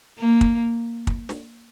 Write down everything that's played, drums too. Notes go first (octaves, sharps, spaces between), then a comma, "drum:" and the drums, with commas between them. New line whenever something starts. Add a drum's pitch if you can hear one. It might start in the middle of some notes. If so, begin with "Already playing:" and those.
A#3
drum: kick
drum: kick
drum: snare